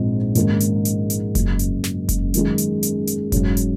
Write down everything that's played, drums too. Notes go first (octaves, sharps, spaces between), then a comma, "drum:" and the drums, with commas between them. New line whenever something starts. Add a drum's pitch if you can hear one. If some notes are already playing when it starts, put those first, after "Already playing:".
Already playing: A#1 G#2 F3 C4
G#2 D#3 A#3 C#4, drum: hi-hat
drum: hi-hat
drum: hi-hat
drum: hi-hat
F#1 F#2 C#3, drum: kick F1, hi-hat
drum: hi-hat
drum: snare
drum: kick F1, hi-hat
F#2 D#3 G#3, drum: hi-hat
drum: hi-hat
drum: hi-hat
drum: hi-hat
G#2 F#3 C#4, drum: kick F1, hi-hat
drum: hi-hat